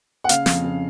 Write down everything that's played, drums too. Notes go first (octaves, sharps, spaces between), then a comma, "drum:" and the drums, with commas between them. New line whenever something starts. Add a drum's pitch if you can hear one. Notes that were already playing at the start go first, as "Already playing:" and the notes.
F#5
C#3 F5, drum: hi-hat
F2, drum: snare
C#3